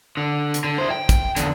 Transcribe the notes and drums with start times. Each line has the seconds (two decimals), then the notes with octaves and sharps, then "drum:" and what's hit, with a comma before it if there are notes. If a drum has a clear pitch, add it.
0.17 D3
0.54 drum: hi-hat
0.64 D3
0.78 E4 C5
0.90 G5
1.09 drum: kick, hi-hat
1.37 E2 D3, drum: hi-hat